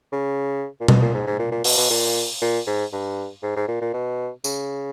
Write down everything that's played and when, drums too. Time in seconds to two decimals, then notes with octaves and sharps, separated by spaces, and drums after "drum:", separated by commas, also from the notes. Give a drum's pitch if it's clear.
0.12 C#3
0.80 A#2
0.88 B2, drum: tom B2
1.02 A#2
1.14 G#2
1.27 G#2
1.39 A#2
1.51 A#2
1.64 B2, drum: open hi-hat
1.77 B2
1.90 A#2
2.41 A#2
2.67 G#2
2.93 G2
3.43 G#2
3.56 G#2
3.68 A#2
3.81 A#2
3.93 B2
4.44 C#3, drum: tambourine